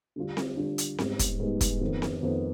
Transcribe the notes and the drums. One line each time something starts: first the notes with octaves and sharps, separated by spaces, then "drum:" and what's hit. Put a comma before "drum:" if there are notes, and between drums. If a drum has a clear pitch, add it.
D3 G3 D4 F4
drum: snare C4
D3 G3 D4 F4
drum: hi-hat
G#2 G3 B3 D#4, drum: snare C4
drum: kick, hi-hat
G#2 G3 B3 D#4
drum: kick, hi-hat
F2 D#3 B3
drum: snare C4
F2 D#3 B3